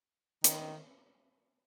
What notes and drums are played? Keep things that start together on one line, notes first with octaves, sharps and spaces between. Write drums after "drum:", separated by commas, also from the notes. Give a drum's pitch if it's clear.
D#3, drum: hi-hat